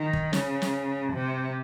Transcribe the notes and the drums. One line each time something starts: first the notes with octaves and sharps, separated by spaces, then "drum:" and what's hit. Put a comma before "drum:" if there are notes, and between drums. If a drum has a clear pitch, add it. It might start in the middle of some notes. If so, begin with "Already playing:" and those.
Already playing: D#3
drum: kick
C#3, drum: snare
drum: snare
C3